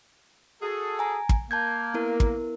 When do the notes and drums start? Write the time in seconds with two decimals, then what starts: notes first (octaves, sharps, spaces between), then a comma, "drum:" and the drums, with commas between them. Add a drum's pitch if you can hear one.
0.62 F#4 G#4 A4
0.99 G#5 A#5
1.29 drum: kick
1.51 A#3 A5 G6 G#6
1.94 B3 E4 A#4
2.20 drum: kick